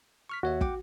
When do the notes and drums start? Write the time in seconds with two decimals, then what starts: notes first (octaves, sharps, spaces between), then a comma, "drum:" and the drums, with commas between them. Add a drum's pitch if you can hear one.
0.29 C#6 F6 B6
0.43 D#2 F#4 C#5 E5
0.61 F#5 G5 D6, drum: kick